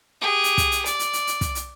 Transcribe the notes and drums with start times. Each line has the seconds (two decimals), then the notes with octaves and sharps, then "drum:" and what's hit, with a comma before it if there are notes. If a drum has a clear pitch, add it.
0.21 G4 G#4
0.44 drum: hi-hat
0.58 drum: kick, hi-hat
0.72 drum: hi-hat
0.85 D5, drum: hi-hat
0.99 drum: hi-hat
1.13 drum: hi-hat
1.27 drum: hi-hat
1.41 drum: kick, hi-hat
1.55 drum: hi-hat